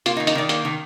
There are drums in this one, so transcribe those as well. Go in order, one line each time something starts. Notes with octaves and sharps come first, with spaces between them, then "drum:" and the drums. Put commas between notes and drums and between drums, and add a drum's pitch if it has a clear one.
A#3 F4, drum: hi-hat
D#4
D#3
D#4, drum: hi-hat
D#3 D5
A#3, drum: hi-hat
D#3